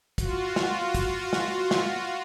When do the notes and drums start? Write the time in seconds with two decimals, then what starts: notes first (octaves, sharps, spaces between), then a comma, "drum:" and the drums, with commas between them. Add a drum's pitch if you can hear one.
0.18 F4 F#4, drum: kick, hi-hat
0.56 drum: snare
0.95 drum: kick, hi-hat
1.33 drum: snare
1.71 drum: snare